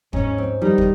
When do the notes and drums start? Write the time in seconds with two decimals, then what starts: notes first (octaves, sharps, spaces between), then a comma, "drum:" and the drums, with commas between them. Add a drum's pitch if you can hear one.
0.13 G#2 C#4, drum: kick
0.38 C4
0.61 D#3 G3 D#4
0.78 drum: kick